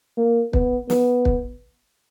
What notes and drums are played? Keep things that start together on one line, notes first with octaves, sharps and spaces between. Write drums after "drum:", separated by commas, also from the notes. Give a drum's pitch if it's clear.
A#3
B3, drum: kick
B3, drum: snare
drum: kick